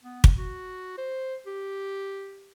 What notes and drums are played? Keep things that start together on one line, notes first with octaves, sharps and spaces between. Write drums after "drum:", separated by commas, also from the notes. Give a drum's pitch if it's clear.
B3
drum: kick
F#4
C5
G4